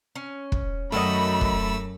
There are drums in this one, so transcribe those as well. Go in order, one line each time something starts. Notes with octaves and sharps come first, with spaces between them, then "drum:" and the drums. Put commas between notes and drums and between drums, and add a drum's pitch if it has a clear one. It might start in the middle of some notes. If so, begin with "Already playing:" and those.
C#4
drum: kick
F#2 D#3 A3 F#4 D#5 B5 E6
drum: kick